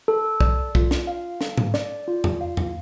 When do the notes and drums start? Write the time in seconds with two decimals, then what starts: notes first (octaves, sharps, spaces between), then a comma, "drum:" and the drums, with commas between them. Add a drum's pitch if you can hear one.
0.08 A4
0.41 D5, drum: kick
0.75 F4, drum: kick
0.91 drum: snare
1.07 F5
1.41 A4, drum: snare
1.57 drum: tom G#2
1.74 D5, drum: snare
2.08 F4
2.24 drum: tom E2
2.41 F5
2.57 drum: tom E2